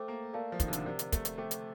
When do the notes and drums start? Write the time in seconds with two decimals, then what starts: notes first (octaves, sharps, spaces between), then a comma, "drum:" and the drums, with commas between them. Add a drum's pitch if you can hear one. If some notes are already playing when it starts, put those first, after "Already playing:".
Already playing: A3 A4 C5 G5 D6
0.08 A#3
0.33 A3 A#4 D5 F5 A5
0.52 F3
0.60 D#3, drum: kick, hi-hat
0.68 C3
0.73 D3, drum: hi-hat
0.85 C3 G4 A#4 D5
0.99 drum: hi-hat
1.12 A3, drum: kick, hi-hat
1.25 drum: hi-hat
1.37 A3 C5 G5 D6
1.51 drum: hi-hat